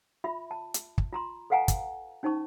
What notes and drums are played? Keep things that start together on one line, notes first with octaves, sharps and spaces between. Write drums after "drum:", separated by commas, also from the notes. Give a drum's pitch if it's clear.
F4 E5 B5
A5
drum: hi-hat
drum: kick
F4 A#5 C6
A4 B4 F5 F#5 G#5 A#5
drum: kick, hi-hat
C#4 D#4 C5 A5 C#6